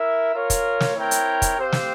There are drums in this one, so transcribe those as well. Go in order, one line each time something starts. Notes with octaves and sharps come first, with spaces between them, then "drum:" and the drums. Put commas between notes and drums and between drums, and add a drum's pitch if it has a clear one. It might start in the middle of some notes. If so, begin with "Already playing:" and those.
Already playing: E4 A#4 E5
F4 A#4 C#5
drum: kick, hi-hat
drum: snare
C4 E4 A#4 C#5 G5
drum: hi-hat
drum: kick, hi-hat
C4 G4 C5 F5
drum: snare